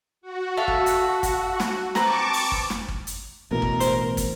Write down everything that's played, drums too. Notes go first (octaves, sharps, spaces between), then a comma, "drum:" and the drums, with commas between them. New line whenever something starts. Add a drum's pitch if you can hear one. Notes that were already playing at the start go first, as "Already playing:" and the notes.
F#4
A4 E5 F5
drum: kick
drum: hi-hat
drum: kick, hi-hat
drum: snare
C4 B4 A5 A#5 C#6 D6, drum: snare
drum: open hi-hat
drum: kick
drum: snare
drum: kick
drum: hi-hat
A1 B2 E3 A#4
drum: kick
C5, drum: hi-hat
drum: kick, hi-hat